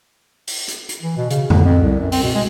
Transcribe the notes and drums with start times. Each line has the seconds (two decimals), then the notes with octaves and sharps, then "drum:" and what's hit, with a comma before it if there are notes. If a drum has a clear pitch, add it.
0.47 drum: open hi-hat
0.68 drum: hi-hat
0.89 drum: hi-hat
1.03 E3
1.17 B2
1.30 C#3, drum: hi-hat
1.50 D3, drum: tom F2
1.64 F2
1.81 C2
2.00 F#2
2.12 C4, drum: open hi-hat
2.23 B2
2.35 G#3